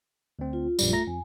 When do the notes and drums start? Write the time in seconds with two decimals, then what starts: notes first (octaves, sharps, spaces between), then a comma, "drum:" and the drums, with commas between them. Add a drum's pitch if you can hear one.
0.39 D2 C4
0.53 F4
0.79 A#1 F#2 G3, drum: tambourine
0.93 A3 A#5 A#6
1.07 F2 G#5